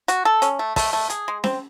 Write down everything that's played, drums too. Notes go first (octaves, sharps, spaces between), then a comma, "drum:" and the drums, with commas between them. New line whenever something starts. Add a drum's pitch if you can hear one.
F#4, drum: hi-hat
A4
C#4, drum: hi-hat
A3
A3, drum: kick, open hi-hat
A3
G#4, drum: hi-hat
G#3
C4, drum: snare C#4